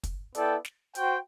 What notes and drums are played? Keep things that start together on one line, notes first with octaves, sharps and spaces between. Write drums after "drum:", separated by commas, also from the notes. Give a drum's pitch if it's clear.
drum: kick, hi-hat
B3 E4 A4 D5 G5, drum: hi-hat
drum: snare
F#4 C5 G5, drum: hi-hat